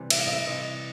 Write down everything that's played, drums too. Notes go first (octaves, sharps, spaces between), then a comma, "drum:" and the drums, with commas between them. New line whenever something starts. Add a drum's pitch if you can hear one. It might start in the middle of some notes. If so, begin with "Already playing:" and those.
Already playing: C3 E3 G3
E5, drum: cymbal
F5
D#5
E5
C3 E3 G3 D#5